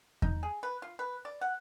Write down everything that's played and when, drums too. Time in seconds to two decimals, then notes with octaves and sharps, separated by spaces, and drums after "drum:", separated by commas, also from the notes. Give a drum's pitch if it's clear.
0.22 D#4, drum: kick E2
0.43 G#4
0.63 B4
0.82 F4
0.99 B4
1.25 D5
1.41 F#5